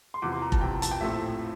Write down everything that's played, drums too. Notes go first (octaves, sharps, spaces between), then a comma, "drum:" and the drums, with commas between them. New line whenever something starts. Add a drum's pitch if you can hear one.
C6
E2 C3 F3 D6
C6
A#5
A5, drum: kick F1
E2 C3 F3 G5
A5, drum: hi-hat
G5
A#1 A2 F3 A3 C4 E5